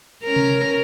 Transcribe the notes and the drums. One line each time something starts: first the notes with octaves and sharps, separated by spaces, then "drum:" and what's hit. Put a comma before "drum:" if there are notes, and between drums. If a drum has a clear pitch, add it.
C#4 A#4
drum: tom C3